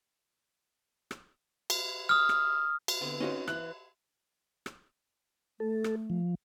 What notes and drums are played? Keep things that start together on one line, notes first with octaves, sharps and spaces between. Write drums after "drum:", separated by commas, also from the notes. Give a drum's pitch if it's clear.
drum: rim click
drum: cymbal
D#6 F6
drum: rim click
drum: cymbal
D3 B3 C4
C4 C#4 D#4 F4 F#4 D#5
E3 B5 F#6, drum: rim click
drum: rim click
A3 A4
drum: rim click
F3